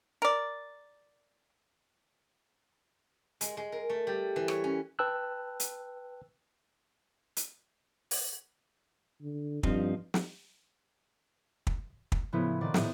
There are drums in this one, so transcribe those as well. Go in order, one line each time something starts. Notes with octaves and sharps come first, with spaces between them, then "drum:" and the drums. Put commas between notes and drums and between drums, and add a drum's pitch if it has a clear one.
A#4 D5
G#3, drum: hi-hat
G#3
A#4
A3
G3
E3
C#5, drum: rim click
C#4
B4 G5 A5 E6 F#6
drum: hi-hat
drum: hi-hat
drum: open hi-hat
D3
G2 F3 C4 D#4, drum: kick
drum: snare
drum: kick
drum: kick
A2 C#3 F3 B3 C#4 E4
A#2 D#3 C4 D5 F#5 A6
A2 D#6 G6, drum: snare